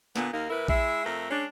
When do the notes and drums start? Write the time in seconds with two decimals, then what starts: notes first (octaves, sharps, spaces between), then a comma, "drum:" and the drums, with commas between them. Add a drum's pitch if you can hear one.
0.16 A#2 D3 B3, drum: snare
0.33 D#2 A#3 D#4 A#4
0.50 A2 E4 A#4 B4
0.68 G#3 E4 E5, drum: kick A#1
1.05 F2 A3 A#4
1.30 G#3 C#4 D4